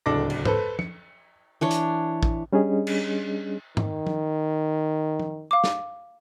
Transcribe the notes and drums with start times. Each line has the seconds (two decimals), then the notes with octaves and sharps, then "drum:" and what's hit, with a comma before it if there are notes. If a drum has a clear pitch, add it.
0.06 D1 C#2 D4 A4 D6 A#6
0.30 drum: cymbal
0.45 A4 B4 C5, drum: tom
0.79 C#7, drum: tom
1.61 E3 D4 C#5
1.71 drum: hi-hat
2.23 drum: kick A1
2.53 G3 C#4 D4 G#4 D#5
2.87 drum: cymbal
3.77 D#3, drum: tom
4.07 drum: tom
5.20 drum: tom
5.51 F5 D6
5.64 drum: snare